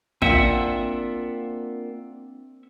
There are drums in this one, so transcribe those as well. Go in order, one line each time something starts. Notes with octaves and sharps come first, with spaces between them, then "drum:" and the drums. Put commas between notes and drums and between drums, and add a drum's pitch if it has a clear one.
A#3 C4 D4 F4 E5 F#5, drum: kick